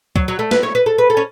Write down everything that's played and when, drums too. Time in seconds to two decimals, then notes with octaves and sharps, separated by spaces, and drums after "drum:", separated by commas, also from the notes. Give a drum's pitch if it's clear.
0.16 F#3, drum: kick
0.28 F#3
0.39 A3
0.51 B4, drum: snare
0.63 C#5
0.75 B4
0.86 A4
0.98 B4
1.10 A4
1.17 C#4